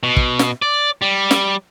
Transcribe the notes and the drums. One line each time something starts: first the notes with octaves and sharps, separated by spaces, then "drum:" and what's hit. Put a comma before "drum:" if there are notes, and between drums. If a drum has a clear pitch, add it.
B2
drum: kick
drum: snare
D5
G3
drum: snare